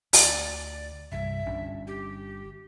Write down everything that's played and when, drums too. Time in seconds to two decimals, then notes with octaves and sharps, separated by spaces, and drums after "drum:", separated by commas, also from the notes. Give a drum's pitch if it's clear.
0.13 D2 D5, drum: open hi-hat
1.12 C2 G2 E5
1.46 G1 C#4 D4
1.87 G4